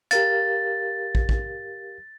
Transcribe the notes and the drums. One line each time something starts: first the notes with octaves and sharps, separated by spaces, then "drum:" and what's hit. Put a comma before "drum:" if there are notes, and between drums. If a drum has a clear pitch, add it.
G4 A#4 F5 A6, drum: hi-hat
drum: kick
drum: kick